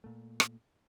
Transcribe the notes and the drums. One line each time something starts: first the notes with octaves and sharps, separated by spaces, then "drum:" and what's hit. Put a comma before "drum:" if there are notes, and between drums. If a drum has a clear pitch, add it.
A#2 A3
drum: rim click